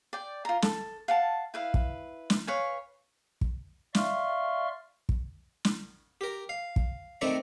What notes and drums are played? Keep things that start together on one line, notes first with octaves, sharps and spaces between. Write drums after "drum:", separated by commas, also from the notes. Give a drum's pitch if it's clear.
D5 G5
F4 A#5
A4, drum: snare
F5 F#5 A5
E4 B4 F5
drum: kick
drum: snare
B4 C#5 F5 G#5
drum: kick
D5 E5 F5 C6 C#6 F6, drum: snare
drum: kick
drum: snare
G4 A#4
F5
drum: kick
D#3 A3 C4 D5 A#5 C#6